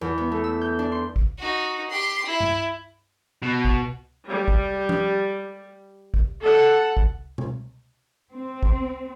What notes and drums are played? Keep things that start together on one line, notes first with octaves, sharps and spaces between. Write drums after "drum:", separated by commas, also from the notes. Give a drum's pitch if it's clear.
E2
B3
A3
E6
G6
D4
C6
drum: kick
D#4 F#4
G4 C6
E4
drum: tom G2
B2
drum: kick
G3
drum: kick
drum: tom F3
drum: kick
A4 F#5
drum: kick
drum: tom B2
C4
drum: kick